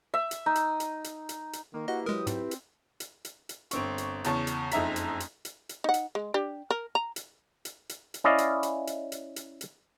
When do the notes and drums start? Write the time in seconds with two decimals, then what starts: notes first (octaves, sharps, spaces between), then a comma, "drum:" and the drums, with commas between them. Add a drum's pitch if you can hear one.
0.14 E5
0.31 drum: hi-hat
0.46 D#4
0.55 drum: hi-hat
0.80 drum: hi-hat
1.04 drum: hi-hat
1.29 drum: hi-hat
1.53 drum: hi-hat
1.74 D#3 A#3
1.88 E4 F#4 G4 B4 D#5
2.06 F#3 G#3 A#4 D#6
2.27 G#2 C4, drum: hi-hat
2.51 drum: hi-hat
3.00 drum: hi-hat
3.25 drum: hi-hat
3.49 drum: hi-hat
3.71 G1 C4 C#6, drum: hi-hat
3.98 drum: hi-hat
4.24 E2 C#3 A5 C#6, drum: hi-hat
4.47 drum: hi-hat
4.71 F#1 F2 D#4 E5 A#5 B6, drum: hi-hat
4.96 drum: hi-hat
5.20 drum: hi-hat
5.45 drum: hi-hat
5.69 drum: hi-hat
5.84 D#4 F#5
5.94 drum: hi-hat
6.15 G#3
6.34 D4 G4
6.71 A#4
6.95 A#5
7.16 drum: hi-hat
7.65 drum: hi-hat
7.89 drum: hi-hat
8.14 drum: hi-hat
8.24 C#4 E4 D5 D#5 F5
8.38 drum: hi-hat
8.63 drum: hi-hat
8.87 drum: hi-hat
9.12 drum: hi-hat
9.36 drum: hi-hat
9.61 drum: hi-hat